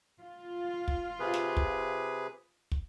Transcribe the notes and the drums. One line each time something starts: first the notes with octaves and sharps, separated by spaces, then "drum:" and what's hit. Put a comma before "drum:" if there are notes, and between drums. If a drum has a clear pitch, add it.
F4
drum: kick
C3 G#4 B4
drum: snare
drum: kick
drum: kick